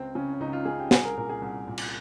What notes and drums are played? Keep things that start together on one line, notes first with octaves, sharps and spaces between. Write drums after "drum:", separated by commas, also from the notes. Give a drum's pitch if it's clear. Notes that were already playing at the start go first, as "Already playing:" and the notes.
Already playing: C#2 C4
C#3 C#4
C#4
C#2 D#4
F4
C#3 G#4
G4
C2 G#4, drum: snare
A#4
A#2 A#4
G#4
C2
A#2
drum: cymbal